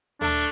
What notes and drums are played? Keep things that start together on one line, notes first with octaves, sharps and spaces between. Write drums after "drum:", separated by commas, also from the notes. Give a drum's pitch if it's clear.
A3 D4, drum: tom D2